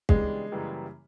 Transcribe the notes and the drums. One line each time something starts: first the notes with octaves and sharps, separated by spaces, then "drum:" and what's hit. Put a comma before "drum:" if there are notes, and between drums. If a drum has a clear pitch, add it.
C#3 E3 G3 G#3 B3 D4, drum: kick
F#2 C#3 E3 G3 A#3